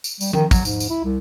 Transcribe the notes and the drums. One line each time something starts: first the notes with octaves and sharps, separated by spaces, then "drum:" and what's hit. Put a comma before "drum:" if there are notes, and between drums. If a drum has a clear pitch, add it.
drum: tambourine
G3, drum: tambourine
D#3, drum: tom F3
F#3, drum: kick, tambourine
G#2, drum: tambourine
drum: tambourine
E4
C2